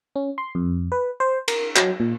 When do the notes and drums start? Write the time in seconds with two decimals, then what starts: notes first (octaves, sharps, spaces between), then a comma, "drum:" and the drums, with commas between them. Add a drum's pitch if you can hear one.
0.16 C#4
0.38 C6
0.55 F2
0.92 B4
1.20 C5
1.48 A#4, drum: cymbal
1.76 F#3, drum: clap
2.00 A#2